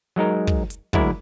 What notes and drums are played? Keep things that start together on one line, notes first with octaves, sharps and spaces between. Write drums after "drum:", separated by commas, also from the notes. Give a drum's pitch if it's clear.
F#3 G#3 D#4 A#4
drum: kick
drum: hi-hat
D2 F#3 G#3 E4 A#4 D5, drum: kick